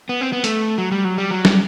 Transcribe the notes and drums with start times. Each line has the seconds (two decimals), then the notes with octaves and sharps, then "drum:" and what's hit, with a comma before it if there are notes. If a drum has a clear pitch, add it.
0.09 B3
0.21 C4
0.33 B3
0.44 A3, drum: hi-hat
0.78 F#3
0.92 G3
1.05 F#3
1.18 G3
1.31 F#3
1.45 G3, drum: snare